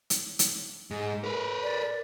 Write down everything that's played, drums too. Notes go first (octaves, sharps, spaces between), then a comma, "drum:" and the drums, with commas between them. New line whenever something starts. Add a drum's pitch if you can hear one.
drum: hi-hat
drum: hi-hat
G#2
A#4 B4
D5
D5